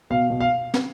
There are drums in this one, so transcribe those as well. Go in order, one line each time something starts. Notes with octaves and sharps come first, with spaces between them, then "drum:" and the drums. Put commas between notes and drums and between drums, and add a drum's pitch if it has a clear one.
B2 F5
B2
F5
drum: snare